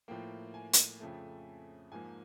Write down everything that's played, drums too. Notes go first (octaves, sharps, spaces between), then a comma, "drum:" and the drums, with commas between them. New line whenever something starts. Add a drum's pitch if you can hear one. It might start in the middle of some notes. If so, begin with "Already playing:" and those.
A2 F3 A#3 G5
G#5
drum: hi-hat
F2 C#3 F3 A3
G#2 F3 A#3 G#5